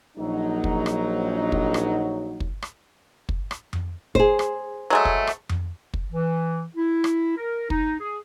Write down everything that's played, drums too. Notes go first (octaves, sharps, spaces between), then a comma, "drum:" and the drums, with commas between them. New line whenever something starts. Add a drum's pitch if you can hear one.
A#1 F#3 D#4
drum: kick
drum: rim click
drum: kick
drum: rim click
drum: kick
drum: rim click
drum: kick
drum: rim click
drum: tom F2
G#4 C5, drum: kick
drum: rim click
F#3 G#3 A3
drum: kick
drum: rim click
drum: tom F2
drum: kick
E3
E4
drum: rim click
A#4
D#4, drum: kick
G#4